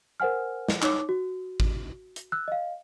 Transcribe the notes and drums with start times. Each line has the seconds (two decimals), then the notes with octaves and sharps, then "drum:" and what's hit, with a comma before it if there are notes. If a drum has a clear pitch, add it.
0.20 A#4 C5 F#5 G#5 F6
0.68 drum: snare
0.82 D#4 C#5 D6, drum: clap
1.09 F#4
1.60 drum: kick G#1
2.16 drum: hi-hat
2.32 E6 F#6
2.48 D#5 F5